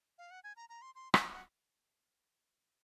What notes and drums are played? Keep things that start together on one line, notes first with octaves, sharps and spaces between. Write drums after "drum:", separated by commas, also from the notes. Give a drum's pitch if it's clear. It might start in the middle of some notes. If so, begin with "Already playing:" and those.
F5
F#5
G#5
A#5
A#5
C6
C6
A#5, drum: rim click
F#5